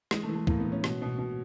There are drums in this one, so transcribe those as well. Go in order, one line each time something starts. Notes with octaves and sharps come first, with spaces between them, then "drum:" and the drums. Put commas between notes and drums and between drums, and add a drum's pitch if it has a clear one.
E3 G#3, drum: rim click
A3
E3
A3
A2 A#3, drum: kick
B3
E3
C#4
B2, drum: rim click
B2
B2